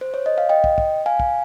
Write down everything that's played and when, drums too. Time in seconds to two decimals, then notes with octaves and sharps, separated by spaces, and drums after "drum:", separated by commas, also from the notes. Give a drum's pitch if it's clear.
0.01 C5
0.14 C#5
0.26 D#5
0.38 F5
0.49 D#5 G5
0.64 drum: kick
0.78 drum: kick
1.06 F5 G#5
1.20 drum: kick